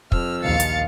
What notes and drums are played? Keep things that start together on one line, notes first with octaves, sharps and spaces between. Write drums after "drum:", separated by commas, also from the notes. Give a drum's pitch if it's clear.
F2 F3 E6 F6, drum: kick
A#1 D#2 F5 A6 C#7
drum: hi-hat